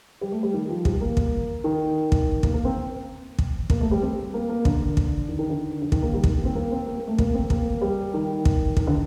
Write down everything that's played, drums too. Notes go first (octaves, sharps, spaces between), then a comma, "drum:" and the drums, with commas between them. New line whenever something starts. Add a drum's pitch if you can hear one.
G3
A3
G3
D#3
F3
G3, drum: kick
A#3
drum: kick
D#3
drum: kick
A#3, drum: kick
A#3
C4
drum: kick
A#3, drum: kick
A3
G3
C4
A#3
A#3
D3, drum: kick
drum: kick
D#3
D#3
D3
D3
D#3, drum: kick
A#3
G3
D#3, drum: kick
A#3
C4
A#3
C4
A#3
A#3
A3
A#3, drum: kick
C4
A#3, drum: kick
G3
D#3
drum: kick
D#3, drum: kick
D3